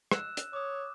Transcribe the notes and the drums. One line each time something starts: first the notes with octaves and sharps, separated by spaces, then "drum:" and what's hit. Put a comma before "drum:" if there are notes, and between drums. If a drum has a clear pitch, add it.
E6 F#6 E7, drum: rim click
drum: hi-hat
C#5 D6 D#6